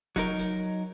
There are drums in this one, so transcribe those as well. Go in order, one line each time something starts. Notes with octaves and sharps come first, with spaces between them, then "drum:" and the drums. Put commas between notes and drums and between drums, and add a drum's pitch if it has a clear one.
F#3 D#4 A#4, drum: kick F1, hi-hat
drum: hi-hat